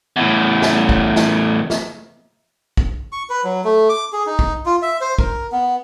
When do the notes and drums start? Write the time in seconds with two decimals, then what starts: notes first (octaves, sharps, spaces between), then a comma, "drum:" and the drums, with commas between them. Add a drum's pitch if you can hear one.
0.16 E2 A2
0.62 drum: snare
0.89 drum: kick
1.16 drum: snare
1.70 drum: snare
2.77 drum: kick
3.12 C#6
3.29 B4
3.44 F#3
3.64 A3
3.89 D6
4.13 G#4
4.27 D#4
4.39 drum: kick
4.66 F4
4.82 E5
5.01 C5
5.19 A#4, drum: kick
5.52 B3